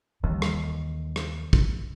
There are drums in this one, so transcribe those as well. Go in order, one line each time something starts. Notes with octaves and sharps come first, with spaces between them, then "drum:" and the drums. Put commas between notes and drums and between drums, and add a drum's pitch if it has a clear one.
D#2 E3 G3
drum: rim click
drum: rim click
drum: kick